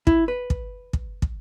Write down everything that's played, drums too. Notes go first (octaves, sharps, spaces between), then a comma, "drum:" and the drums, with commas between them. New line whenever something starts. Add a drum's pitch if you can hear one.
E4, drum: kick
B4
drum: kick
drum: kick
drum: kick